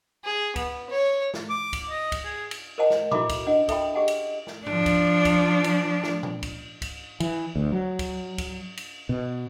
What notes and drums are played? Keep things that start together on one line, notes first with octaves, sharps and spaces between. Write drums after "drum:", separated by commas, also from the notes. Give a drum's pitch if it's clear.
G#4
B3, drum: kick C#2, cymbal
C#5
drum: snare
D6
drum: kick C#2, cymbal
D#5
drum: kick C#2, cymbal
G#4
drum: cymbal
A#4 C5 D#5 F#5 G#5
drum: snare
E4 F#4 A4 E5 B5 D6, drum: tom A#2
drum: kick C#2, cymbal
C#4 D4 D#5 F#5
A4 E5 G5 B5, drum: kick C#2, cymbal
G4 G#4 D#5 F#5 G#5
drum: cymbal
drum: snare
F3 D4, drum: tom F#2
drum: kick C#2, cymbal
drum: kick C#2, cymbal
drum: cymbal
drum: snare
drum: tom A#2
drum: kick C#2, cymbal
drum: kick C#2, cymbal
E3, drum: cymbal
D2
F#3
drum: kick C#2, cymbal
drum: kick C#2, cymbal
drum: cymbal
B2